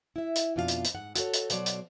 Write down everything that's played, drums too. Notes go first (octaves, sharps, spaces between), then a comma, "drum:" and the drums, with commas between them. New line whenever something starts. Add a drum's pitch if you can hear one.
E4 E5
drum: hi-hat
F2 B2 D4 F4 A4 F5
drum: hi-hat
drum: hi-hat
G#2 F#5
F#4 A4 C#5, drum: hi-hat
drum: hi-hat
B2 F#3 C5 D5, drum: hi-hat
drum: hi-hat